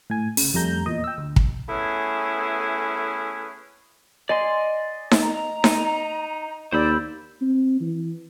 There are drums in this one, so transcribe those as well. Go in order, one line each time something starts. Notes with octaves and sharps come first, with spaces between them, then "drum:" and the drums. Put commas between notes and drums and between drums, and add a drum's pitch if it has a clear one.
A2 G#5
C#3, drum: open hi-hat
F2 G3 A3 A#5 G6
E2 A#2 D#5
G5 E6
D2
drum: kick
A3 B3 C#4 E4 G#4
D5 D#5 G#5 C6
drum: snare D#4
A#5
D#4, drum: snare D#4
D#2 C5 D5 B5 E6
C4
E3